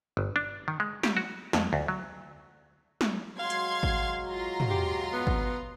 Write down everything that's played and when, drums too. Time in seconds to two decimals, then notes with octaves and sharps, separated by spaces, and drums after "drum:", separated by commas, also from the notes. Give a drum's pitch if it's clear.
0.17 G1
0.36 D4
0.68 D#3
0.80 G#3
1.03 G4, drum: snare
1.17 F#4
1.53 F2, drum: snare
1.73 D2
1.88 F#3
3.01 drum: snare
3.39 F#3 G#3 F#4 F5 C6 G#6
3.50 drum: hi-hat
3.83 drum: kick G#1
4.29 F4 A#5 C6
4.60 drum: tom
4.70 G4
5.13 B3
5.27 drum: kick G#1